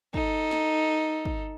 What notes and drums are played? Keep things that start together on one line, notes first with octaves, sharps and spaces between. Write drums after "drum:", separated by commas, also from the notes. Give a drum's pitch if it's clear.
D#4 A4, drum: kick
drum: snare
drum: kick